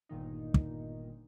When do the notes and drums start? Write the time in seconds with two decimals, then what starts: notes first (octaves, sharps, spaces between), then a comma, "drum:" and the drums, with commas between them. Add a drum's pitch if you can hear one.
0.09 G1 A#2 D#3 D#4
0.54 drum: kick